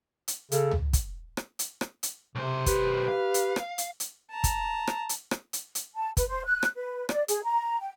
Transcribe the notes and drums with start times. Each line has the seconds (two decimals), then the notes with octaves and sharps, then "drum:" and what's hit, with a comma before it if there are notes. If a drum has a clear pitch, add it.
0.28 drum: hi-hat
0.52 C#3 A4, drum: hi-hat
0.71 drum: tom
0.93 drum: kick, hi-hat
1.37 drum: rim click
1.59 drum: hi-hat
1.81 drum: rim click
2.03 drum: hi-hat
2.35 B1 C3 C5
2.66 G4 B4, drum: kick, hi-hat
3.08 F5
3.34 drum: hi-hat
3.56 drum: rim click
3.78 drum: hi-hat
4.00 drum: hi-hat
4.31 A5 A#5
4.44 drum: kick, hi-hat
4.87 drum: rim click
5.09 drum: hi-hat
5.31 drum: rim click
5.53 drum: hi-hat
5.75 drum: hi-hat
5.95 A5
6.17 B4, drum: kick, hi-hat
6.29 C5
6.45 F#6
6.63 drum: rim click
6.76 B4
7.09 D5, drum: rim click
7.28 G#4, drum: hi-hat
7.44 A#5
7.81 G5